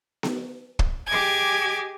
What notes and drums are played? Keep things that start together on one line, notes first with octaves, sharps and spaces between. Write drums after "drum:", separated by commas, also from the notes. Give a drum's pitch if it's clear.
drum: snare B3
drum: kick
G4 G#4 D#5 G#5 D6 G#6